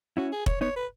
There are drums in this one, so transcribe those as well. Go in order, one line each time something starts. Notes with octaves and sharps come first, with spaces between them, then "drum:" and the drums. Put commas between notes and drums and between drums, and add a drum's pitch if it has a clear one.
C#4 E4 F#4
G#4
C#5, drum: kick
B3 D#4 C#5
B4